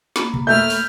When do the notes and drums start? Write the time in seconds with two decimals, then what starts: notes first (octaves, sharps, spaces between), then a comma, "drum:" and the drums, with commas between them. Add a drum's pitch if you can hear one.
0.16 A#3 B5, drum: snare
0.34 drum: tom B2
0.47 A3 A4 E5 F6 G6
0.70 drum: open hi-hat